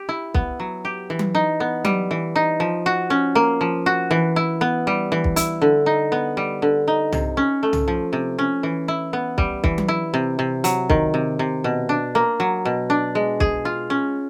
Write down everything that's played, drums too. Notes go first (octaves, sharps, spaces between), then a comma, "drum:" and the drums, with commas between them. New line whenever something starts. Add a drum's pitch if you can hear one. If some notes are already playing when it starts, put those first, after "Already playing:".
Already playing: G4
E4
B3, drum: kick
F#3
G4
E3
drum: tom F#3
D#4
B3
G3, drum: tom F#3
E3
D#4
F3
F#4
C#4
A#3
F3
F#4
E3
E4
B3
G3
E3
drum: kick
E4, drum: hi-hat
D3
D#4
B3
G3
D3
D#4
C3, drum: tom
C#4
A3
drum: tom
F3
C3
C#4
E3
E4
B3
G3, drum: kick
E3, drum: kick
drum: tom F#3
E4
C3
C3
F#3, drum: hi-hat
D#3, drum: kick
C3
C3
B2
D4
A#3
F#3
B2
D4
G#3
G#4, drum: kick
F4
C#4